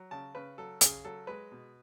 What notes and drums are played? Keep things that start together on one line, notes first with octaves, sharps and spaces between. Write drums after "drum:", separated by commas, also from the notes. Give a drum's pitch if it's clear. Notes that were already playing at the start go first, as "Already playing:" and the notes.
Already playing: F#3
C#3 A5
C#3 B4
F#3 A4
C#3 G#4, drum: hi-hat
F#3 A4
G#3 B4
B2